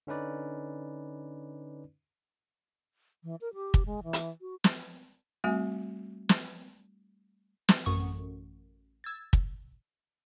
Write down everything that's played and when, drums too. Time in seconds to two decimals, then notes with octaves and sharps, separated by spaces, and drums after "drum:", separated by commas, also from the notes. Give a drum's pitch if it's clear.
0.07 D3 C#4 D#4 B4 D5
3.23 E3
3.41 A#4
3.54 G4
3.74 drum: kick
3.86 G#3
4.04 E3
4.13 drum: hi-hat
4.41 F#4
4.64 drum: snare
5.44 G3 A3 C4 F#4 G#5
6.29 drum: snare
7.69 drum: snare
7.86 A1 F#2 C#6 D#6
9.04 E6 G#6 A6
9.33 drum: kick